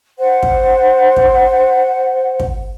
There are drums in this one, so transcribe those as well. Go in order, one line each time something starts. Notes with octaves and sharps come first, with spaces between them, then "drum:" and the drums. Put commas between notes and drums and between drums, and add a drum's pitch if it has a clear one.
C5 F#5
drum: kick
drum: kick
drum: kick